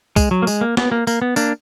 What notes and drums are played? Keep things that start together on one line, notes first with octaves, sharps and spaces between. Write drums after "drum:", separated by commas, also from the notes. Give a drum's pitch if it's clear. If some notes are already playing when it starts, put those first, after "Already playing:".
G#3, drum: kick C2, tambourine
F#3
A#3
G#3, drum: tambourine
A#3
B3, drum: snare
A#3
A#3, drum: tambourine
B3
A#3 D4, drum: tambourine